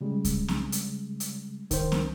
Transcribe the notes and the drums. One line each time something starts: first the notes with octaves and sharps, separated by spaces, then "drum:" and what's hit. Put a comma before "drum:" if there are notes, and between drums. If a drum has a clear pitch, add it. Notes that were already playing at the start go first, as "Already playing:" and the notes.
C#3 G3 G#3
drum: kick C2, hi-hat
drum: snare C4
drum: hi-hat
drum: hi-hat
D#3 C5, drum: kick C2, hi-hat
drum: snare C4